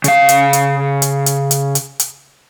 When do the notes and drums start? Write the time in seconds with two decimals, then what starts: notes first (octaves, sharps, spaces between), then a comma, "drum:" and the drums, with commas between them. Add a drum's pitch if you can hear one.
0.04 C#3 F5, drum: hi-hat
0.29 drum: hi-hat
0.53 drum: hi-hat
1.02 drum: hi-hat
1.26 drum: hi-hat
1.51 drum: hi-hat
1.75 drum: hi-hat
2.00 drum: hi-hat